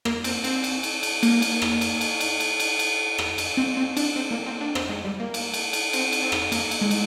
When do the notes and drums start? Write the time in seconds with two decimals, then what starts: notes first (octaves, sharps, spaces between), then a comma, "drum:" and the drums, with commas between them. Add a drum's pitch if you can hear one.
0.05 A#3, drum: rim click
0.24 C4, drum: cymbal
0.44 C4, drum: cymbal
0.64 drum: cymbal
0.83 drum: cymbal
1.03 drum: cymbal
1.23 A#3, drum: cymbal
1.42 drum: cymbal
1.62 drum: rim click
1.81 drum: cymbal
2.01 drum: cymbal
2.20 drum: cymbal
2.40 drum: cymbal
2.60 drum: cymbal
2.79 drum: cymbal
3.18 drum: rim click
3.38 drum: cymbal
3.57 C4
3.77 C4
3.97 D4, drum: cymbal
4.16 C4
4.31 A#3
4.46 C4
4.61 D4
4.75 C4, drum: rim click
4.89 G#3
5.05 G3
5.20 A#3
5.34 drum: cymbal
5.54 drum: cymbal
5.73 drum: cymbal
5.93 C4, drum: cymbal
6.12 drum: cymbal
6.23 C4
6.32 drum: rim click
6.52 A#3, drum: cymbal
6.71 drum: cymbal
6.81 G#3
6.91 drum: cymbal